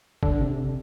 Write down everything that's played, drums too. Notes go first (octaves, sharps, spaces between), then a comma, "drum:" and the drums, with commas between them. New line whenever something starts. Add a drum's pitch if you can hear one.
D3, drum: kick
C3